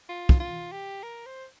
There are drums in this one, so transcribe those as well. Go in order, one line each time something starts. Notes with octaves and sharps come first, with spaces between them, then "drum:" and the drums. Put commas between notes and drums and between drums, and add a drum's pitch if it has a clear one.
F4
drum: kick
F4
G4
A#4
C5